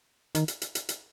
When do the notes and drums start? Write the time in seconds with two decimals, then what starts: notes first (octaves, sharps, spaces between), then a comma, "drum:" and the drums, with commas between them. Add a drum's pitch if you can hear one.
0.35 D#3, drum: hi-hat
0.48 drum: hi-hat
0.62 drum: hi-hat
0.75 drum: hi-hat
0.89 drum: hi-hat